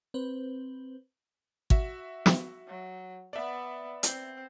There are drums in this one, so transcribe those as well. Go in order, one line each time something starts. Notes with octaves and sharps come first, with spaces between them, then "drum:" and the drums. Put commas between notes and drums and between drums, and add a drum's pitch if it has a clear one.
C4 B4 C5
F#4 E5, drum: kick
drum: snare
F#3
B3 D5 E5
C4, drum: hi-hat